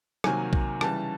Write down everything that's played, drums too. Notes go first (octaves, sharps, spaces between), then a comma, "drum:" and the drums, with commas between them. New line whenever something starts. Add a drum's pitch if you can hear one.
C3 D#3 F#3 A#3 G#5, drum: rim click
drum: kick
C#3 E3 G3 A5, drum: rim click